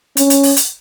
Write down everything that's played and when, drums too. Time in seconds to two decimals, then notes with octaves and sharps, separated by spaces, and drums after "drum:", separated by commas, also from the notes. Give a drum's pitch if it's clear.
0.17 C#4, drum: hi-hat
0.30 drum: hi-hat
0.43 drum: open hi-hat
0.57 drum: hi-hat